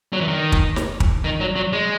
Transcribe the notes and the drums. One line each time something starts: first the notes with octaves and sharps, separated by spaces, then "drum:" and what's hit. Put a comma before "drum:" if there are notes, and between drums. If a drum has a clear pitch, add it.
F#3
E3
D#3
drum: kick
drum: snare
drum: kick
D#3
F#3
F#3
G#3